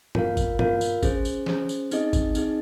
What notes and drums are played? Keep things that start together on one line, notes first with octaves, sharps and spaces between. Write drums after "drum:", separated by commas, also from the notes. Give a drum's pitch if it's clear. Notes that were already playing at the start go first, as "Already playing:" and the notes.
F4 A#4 F5, drum: tom G2
drum: kick, tambourine
F4 A#4 F5, drum: tom G2
drum: tambourine
C#4 G#4 C5, drum: kick, tambourine
drum: tambourine
C#4 G#4 C5, drum: snare
drum: tambourine
C4 D#4 G#4 D#5, drum: tambourine
drum: kick, tambourine
C4 D#4 G#4 D#5, drum: tambourine